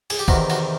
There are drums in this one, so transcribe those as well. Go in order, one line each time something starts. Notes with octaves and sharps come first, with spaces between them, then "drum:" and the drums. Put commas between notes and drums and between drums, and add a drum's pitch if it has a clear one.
G#4, drum: open hi-hat
G4
E2 C3 D#3 F#4, drum: kick
F#4, drum: open hi-hat